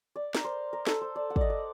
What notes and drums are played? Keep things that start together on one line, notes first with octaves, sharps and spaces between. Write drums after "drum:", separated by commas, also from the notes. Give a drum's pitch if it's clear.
D5
A#4, drum: snare
C5
A#4
A4, drum: snare
C5
D5
F#5
D5 D#5, drum: kick
D5